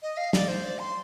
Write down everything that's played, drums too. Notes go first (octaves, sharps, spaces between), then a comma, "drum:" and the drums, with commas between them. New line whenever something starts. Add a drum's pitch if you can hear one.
D#5
F5
D5, drum: snare
C5
D5
C6